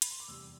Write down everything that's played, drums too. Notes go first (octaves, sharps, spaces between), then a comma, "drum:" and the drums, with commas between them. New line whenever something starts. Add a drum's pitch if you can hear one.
B5, drum: hi-hat
C6
D6
E2 C3 G3 E6